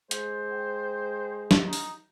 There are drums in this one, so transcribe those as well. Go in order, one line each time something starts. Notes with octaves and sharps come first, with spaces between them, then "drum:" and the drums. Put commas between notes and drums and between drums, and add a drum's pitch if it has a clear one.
G#3 C5, drum: hi-hat
G5
drum: snare
D#4
drum: open hi-hat